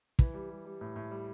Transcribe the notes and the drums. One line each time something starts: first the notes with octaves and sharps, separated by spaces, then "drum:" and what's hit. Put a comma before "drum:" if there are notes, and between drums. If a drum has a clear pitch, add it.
E3, drum: kick
G3
G3
G3
A2
A2
G3